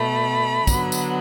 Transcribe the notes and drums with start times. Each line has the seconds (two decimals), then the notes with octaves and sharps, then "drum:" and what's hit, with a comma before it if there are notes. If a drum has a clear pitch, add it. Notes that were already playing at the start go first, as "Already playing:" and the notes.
Already playing: B2 A3 B5
0.67 D3 F#3 B3, drum: kick, tambourine
0.92 drum: tambourine